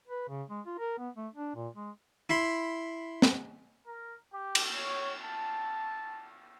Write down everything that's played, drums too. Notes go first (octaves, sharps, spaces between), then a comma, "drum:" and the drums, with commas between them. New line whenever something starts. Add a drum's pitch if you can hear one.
B4
C#3
G#3
F4
A#4
B3
A3
D4
A#2
G#3
E4 B5 C6
drum: snare
A#4
G4
drum: cymbal
C#5
A5